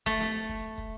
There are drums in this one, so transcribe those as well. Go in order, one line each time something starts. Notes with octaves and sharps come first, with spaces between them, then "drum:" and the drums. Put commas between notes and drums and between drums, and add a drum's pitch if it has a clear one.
A3, drum: kick
drum: snare
drum: kick
drum: kick